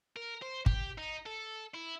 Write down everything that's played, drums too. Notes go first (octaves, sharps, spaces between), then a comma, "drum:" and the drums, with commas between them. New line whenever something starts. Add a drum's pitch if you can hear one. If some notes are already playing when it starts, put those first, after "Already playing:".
A#4
C5
G4, drum: kick
D#4
A4
E4